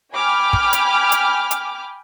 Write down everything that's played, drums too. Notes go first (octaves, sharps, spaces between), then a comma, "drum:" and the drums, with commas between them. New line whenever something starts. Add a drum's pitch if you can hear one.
G5 G#5 B5 D6 F6
drum: kick
drum: hi-hat
drum: hi-hat
drum: hi-hat